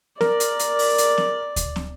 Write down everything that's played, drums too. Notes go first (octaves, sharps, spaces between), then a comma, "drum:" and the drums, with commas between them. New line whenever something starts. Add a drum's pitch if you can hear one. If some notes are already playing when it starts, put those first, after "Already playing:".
A#4 D5, drum: snare
drum: hi-hat
drum: hi-hat
drum: open hi-hat
drum: hi-hat
drum: snare
drum: kick D2, hi-hat
drum: snare